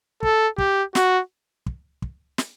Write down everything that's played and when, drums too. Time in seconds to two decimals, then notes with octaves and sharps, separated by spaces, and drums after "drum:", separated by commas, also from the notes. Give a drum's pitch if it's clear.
0.23 A4, drum: kick
0.58 G4, drum: kick
0.95 F#4, drum: snare
1.66 drum: kick
2.02 drum: kick
2.38 drum: snare